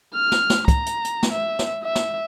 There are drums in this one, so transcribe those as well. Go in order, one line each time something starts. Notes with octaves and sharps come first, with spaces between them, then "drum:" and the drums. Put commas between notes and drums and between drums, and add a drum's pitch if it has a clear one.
F6
drum: snare
drum: snare
A#5, drum: kick, hi-hat
drum: hi-hat
drum: hi-hat
drum: snare
E5
drum: snare
E5
drum: snare